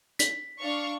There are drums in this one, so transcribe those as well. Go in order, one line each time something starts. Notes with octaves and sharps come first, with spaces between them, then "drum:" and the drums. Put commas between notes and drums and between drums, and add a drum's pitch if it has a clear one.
B6, drum: hi-hat
D4 F5 C#6